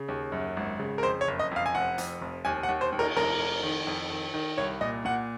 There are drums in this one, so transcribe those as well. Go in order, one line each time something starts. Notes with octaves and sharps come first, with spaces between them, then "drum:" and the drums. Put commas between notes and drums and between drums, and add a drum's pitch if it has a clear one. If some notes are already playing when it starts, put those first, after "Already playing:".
Already playing: C#3
D#2
F#2
G#1
C#3
A#4
F2 C5
C#5
F#1
D#5
F2 F5
G#5
F1 F#5
F2, drum: hi-hat
F1
D#2 G#5
F#5
D#2
C5
D#2
A#4, drum: cymbal
F1 A#4
F1
D#3
F2
D#3
D#3
C2 C#5
A#2 D#5
A#2 F#5